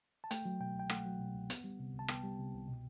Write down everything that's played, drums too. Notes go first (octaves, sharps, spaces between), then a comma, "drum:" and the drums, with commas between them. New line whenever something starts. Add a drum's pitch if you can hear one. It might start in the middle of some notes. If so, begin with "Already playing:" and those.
A5
A3 G5, drum: hi-hat
F#3
B2 G5
C2 G5
A3 F#5, drum: rim click
F#3
B2
C2
B3, drum: hi-hat
G3
C3
C2 A5
B3 G5, drum: rim click
G3
C3
C2
B2